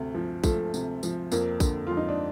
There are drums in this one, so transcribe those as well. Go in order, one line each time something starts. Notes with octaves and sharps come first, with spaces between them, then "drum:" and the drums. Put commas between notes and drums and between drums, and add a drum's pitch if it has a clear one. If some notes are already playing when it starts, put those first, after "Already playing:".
Already playing: D2 C3 A3
F3
F3 A3, drum: kick A#1, tambourine
C3, drum: tambourine
F3, drum: tambourine
F2 A#3, drum: tambourine
D3, drum: kick A#1, tambourine
F2 F4
D#4
D4